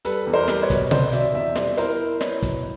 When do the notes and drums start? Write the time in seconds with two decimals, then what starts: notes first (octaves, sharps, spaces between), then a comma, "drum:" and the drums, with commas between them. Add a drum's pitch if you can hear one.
0.05 G3 A4 B4, drum: hi-hat
0.27 E2
0.33 A#4 C5
0.48 G3, drum: snare
0.56 D5
0.62 B4 C#5
0.70 B2, drum: kick, hi-hat
0.91 C4 C5 D5, drum: tom B2
1.12 B2 D5 E5, drum: hi-hat
1.34 E2 D5 E5
1.55 G3 C5 D5, drum: snare
1.77 E4 A#4 C5, drum: hi-hat
1.99 E4
2.21 E4 B4 C#5, drum: snare
2.42 B2, drum: kick, hi-hat